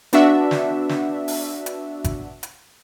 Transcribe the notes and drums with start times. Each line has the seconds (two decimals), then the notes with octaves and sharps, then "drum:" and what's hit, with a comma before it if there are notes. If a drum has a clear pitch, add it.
0.13 B3 D4 F#4 E5, drum: hi-hat
0.51 drum: snare
0.89 drum: snare
1.28 drum: open hi-hat
1.66 drum: hi-hat
2.04 drum: kick G#1, hi-hat
2.43 drum: hi-hat